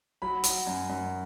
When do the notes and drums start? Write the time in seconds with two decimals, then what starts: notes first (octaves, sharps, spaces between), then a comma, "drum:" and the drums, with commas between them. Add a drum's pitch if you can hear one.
0.22 F#3 B5
0.44 F#3, drum: hi-hat
0.67 F#2
0.89 F#2